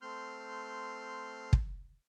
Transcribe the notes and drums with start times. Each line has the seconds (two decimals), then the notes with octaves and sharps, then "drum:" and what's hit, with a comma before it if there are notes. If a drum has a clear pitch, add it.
0.02 A3 C4 C6 F6 G6
1.53 drum: kick